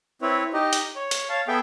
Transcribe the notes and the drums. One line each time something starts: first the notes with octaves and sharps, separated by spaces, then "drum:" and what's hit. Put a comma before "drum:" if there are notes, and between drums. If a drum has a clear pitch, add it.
C4 E4 B4 C#5
D#4 G4 D#5
drum: hi-hat
C#5
drum: hi-hat
C#5 F5 A5
B3 G#4 A4 E5 G5